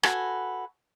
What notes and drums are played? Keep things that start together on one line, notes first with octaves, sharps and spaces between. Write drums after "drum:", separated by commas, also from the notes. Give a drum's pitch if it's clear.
F#4 A4 B4 G#5, drum: rim click